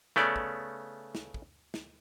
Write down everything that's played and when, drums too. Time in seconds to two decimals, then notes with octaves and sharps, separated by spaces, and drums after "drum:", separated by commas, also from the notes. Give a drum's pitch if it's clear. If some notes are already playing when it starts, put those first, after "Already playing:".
0.16 C#3 A3 B3 C#4 D5, drum: snare
0.36 drum: kick
1.15 drum: snare
1.34 drum: kick
1.74 drum: snare